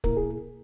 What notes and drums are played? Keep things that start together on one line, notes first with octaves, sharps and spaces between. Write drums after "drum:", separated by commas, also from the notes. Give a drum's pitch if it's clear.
B2 A#3 E4 A#4, drum: kick
G#4